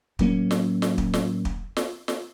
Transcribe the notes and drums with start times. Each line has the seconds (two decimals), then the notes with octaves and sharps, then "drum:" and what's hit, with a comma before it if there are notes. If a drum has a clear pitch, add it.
0.19 A2 F#3 A#3 C#4, drum: kick
0.51 drum: snare
0.82 drum: snare
0.98 drum: kick
1.14 drum: snare
1.45 drum: kick
1.77 drum: snare
2.08 drum: snare